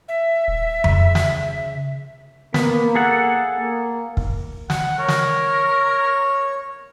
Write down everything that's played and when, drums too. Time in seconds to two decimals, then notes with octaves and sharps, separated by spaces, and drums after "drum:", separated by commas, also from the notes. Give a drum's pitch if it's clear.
0.08 E5
0.48 D#1
0.84 C#3, drum: tom F2
1.15 drum: snare
2.54 A#3 B3, drum: snare
2.95 G#4 A4 F#5
3.59 A#3
4.17 drum: kick
4.70 F#5, drum: snare
4.99 A#4 C#5
5.08 drum: snare